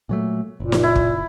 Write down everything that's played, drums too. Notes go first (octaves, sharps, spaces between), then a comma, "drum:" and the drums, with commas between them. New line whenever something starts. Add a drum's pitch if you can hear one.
A#2 F#3 A3
F#1 A#2
drum: snare
E4
drum: kick